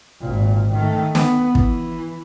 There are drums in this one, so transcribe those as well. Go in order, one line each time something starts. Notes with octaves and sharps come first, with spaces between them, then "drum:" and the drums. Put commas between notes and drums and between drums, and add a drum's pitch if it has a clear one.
G#1 A#2
D#3 A3
B3, drum: snare
E3, drum: kick